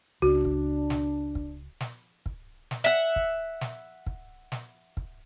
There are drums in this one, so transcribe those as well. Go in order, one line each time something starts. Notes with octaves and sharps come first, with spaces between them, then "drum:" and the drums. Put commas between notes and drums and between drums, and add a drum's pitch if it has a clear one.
C#2 D4 F#4
drum: kick
drum: snare
drum: kick
drum: snare
drum: kick
drum: snare
E5 F#5
drum: kick
drum: snare
drum: kick
drum: snare
drum: kick